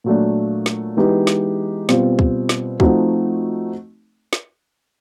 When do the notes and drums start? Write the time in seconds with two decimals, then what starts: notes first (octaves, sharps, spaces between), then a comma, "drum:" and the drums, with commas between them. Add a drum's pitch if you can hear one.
0.04 A#2 F#3 A3 D4
0.66 drum: snare
0.97 E3 G#3 B3 D#4 G4
1.27 drum: snare
1.89 B2 G3 C4 F4, drum: snare
2.19 drum: kick
2.49 drum: snare
2.80 F3 A3 C4 D#4 F#4, drum: kick
4.33 drum: snare